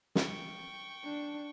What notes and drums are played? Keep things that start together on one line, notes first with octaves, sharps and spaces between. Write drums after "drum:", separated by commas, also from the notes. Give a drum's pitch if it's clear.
G5 C#6, drum: snare
D4